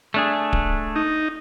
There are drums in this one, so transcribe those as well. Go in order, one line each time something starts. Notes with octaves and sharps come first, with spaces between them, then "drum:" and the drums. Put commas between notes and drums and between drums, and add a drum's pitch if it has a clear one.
A3 D4 G#4
drum: kick D1
D#4